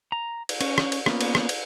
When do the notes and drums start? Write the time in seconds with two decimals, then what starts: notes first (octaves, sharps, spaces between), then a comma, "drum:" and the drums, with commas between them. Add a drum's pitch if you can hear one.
0.12 A#5
0.49 drum: cymbal
0.61 C#4, drum: cymbal
0.78 drum: rim click
0.92 drum: cymbal
1.06 A#3 B3 C#4 F4, drum: rim click
1.21 drum: cymbal
1.35 drum: rim click
1.49 drum: cymbal